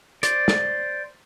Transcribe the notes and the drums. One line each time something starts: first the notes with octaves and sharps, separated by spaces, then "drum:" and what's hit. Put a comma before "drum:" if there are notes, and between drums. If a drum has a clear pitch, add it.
C5 D5, drum: hi-hat
drum: snare